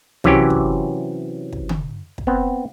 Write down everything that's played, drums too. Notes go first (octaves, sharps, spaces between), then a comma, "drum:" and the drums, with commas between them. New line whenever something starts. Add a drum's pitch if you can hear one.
C3 E3 F#3 C#4 G4, drum: tom
drum: kick
drum: kick
drum: tom D3
drum: kick
B3 C4